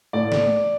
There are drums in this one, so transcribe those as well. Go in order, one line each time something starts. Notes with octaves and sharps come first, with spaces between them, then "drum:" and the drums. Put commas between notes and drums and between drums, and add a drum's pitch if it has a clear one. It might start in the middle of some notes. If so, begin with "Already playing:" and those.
A2 D5
drum: snare